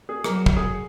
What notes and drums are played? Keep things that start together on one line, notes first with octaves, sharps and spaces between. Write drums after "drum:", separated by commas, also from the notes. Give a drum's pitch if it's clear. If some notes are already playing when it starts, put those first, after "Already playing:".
G#4
F#3 A#4, drum: rim click
drum: kick
G#4